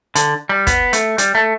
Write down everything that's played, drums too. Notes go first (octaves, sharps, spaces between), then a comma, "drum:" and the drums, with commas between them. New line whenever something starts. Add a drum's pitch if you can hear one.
D3, drum: hi-hat
G3
B3, drum: kick, hi-hat
A3, drum: hi-hat
G3, drum: hi-hat
A3